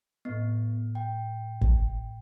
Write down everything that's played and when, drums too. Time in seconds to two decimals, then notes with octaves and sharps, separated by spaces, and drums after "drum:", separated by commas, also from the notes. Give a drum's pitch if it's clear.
0.25 A2 B3 D#5
0.95 G5
1.61 drum: kick